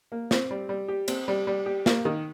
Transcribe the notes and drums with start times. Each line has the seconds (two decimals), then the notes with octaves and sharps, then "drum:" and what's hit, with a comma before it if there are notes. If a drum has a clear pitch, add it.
0.12 A#3
0.31 C4, drum: snare
0.51 G3
0.69 G3
0.88 G4
1.08 C4, drum: cymbal
1.28 G3
1.47 G3
1.66 G4
1.86 A#3, drum: snare
2.05 D#3